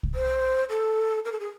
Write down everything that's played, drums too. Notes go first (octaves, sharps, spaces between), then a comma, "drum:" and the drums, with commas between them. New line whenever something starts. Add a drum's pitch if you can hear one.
drum: kick C2
C5
A4
A#4
A4
G#4